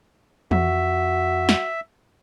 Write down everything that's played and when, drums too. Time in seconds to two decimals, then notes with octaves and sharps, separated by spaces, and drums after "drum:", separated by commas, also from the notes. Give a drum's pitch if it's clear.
0.51 F2 F#4 E5, drum: tom E3
1.49 drum: snare